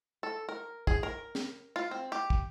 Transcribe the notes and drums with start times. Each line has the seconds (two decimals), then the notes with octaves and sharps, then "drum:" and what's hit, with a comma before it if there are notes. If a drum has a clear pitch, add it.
0.23 A4
0.49 A#4
0.87 G#4, drum: kick
1.03 A#4
1.35 drum: snare
1.76 F4
1.91 C4
2.12 G4
2.30 drum: kick